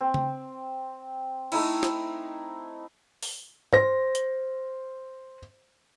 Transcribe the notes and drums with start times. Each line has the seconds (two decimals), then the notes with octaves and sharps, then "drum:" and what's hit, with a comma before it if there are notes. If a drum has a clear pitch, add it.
0.01 C4
0.14 drum: tom C#3
1.52 A3 D#4 E4, drum: cymbal
1.83 drum: snare
3.23 drum: open hi-hat
3.73 C5 A#6, drum: tom G#2
4.15 drum: hi-hat